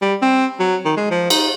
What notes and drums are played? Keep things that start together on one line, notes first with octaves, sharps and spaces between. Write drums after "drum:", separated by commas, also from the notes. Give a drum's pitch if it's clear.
G3
C4
F#3
D#3
G#3
F3
D#4, drum: cymbal